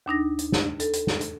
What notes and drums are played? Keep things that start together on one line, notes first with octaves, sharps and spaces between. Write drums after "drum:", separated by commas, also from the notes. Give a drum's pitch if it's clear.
D#2 D4 D#4 A#6
drum: hi-hat
drum: snare
A4, drum: hi-hat
drum: hi-hat
drum: snare
drum: hi-hat